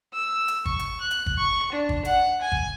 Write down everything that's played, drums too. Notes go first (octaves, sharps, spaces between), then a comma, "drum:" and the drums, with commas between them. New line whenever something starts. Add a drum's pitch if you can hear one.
E6
drum: hi-hat
C#6, drum: kick
drum: hi-hat
F#6
drum: hi-hat
drum: kick
C#6
D4
drum: kick
F#5, drum: hi-hat
G#5
drum: kick